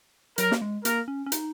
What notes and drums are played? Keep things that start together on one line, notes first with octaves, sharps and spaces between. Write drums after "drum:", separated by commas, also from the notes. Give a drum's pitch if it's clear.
F#3 A#4, drum: hi-hat
A#3, drum: snare
G#3
A#3 A#4, drum: hi-hat
C#4
C#4
D#4, drum: hi-hat